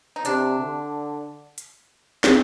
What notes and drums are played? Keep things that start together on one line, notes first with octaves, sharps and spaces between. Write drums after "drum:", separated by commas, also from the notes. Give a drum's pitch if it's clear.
D#4
C3 D4, drum: hi-hat
D3
drum: hi-hat
drum: snare